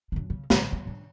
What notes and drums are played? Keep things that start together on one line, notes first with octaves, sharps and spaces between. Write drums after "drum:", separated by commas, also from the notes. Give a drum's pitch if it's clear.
F#2 D4
C#3
A#1, drum: snare
C4
C#4 D4